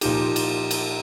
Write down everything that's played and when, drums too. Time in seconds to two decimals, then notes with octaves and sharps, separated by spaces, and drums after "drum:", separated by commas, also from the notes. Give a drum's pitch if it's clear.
0.01 A#2 F3 D#4 G4, drum: cymbal
0.36 drum: cymbal
0.71 drum: cymbal